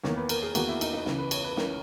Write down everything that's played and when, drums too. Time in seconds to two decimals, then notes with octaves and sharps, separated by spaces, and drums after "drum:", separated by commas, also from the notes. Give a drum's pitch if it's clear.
0.03 E2 D#3 A#3 C#5, drum: snare
0.16 B4
0.29 A#4, drum: cymbal
0.42 G#4
0.55 E2 D#3 A#3 F#4, drum: cymbal
0.68 E4
0.81 D#4, drum: cymbal
0.93 D#4
1.06 C#2 C#3 E3, drum: snare
1.18 B4
1.31 C#5, drum: cymbal
1.44 B4
1.57 C#2 C#3 E3 A#4, drum: snare